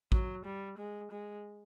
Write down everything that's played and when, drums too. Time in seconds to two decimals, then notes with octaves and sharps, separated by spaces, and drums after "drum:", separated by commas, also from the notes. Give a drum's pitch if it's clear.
0.12 F#3, drum: kick A1
0.45 G3
0.78 G#3
1.11 G#3